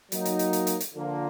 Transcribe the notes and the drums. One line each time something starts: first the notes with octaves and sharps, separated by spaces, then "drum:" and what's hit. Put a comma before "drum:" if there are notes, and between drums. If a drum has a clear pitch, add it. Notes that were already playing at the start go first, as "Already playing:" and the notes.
F#3 A#3 D#4, drum: hi-hat
drum: hi-hat
drum: hi-hat
drum: hi-hat
drum: hi-hat
drum: hi-hat
D3 F3 A#3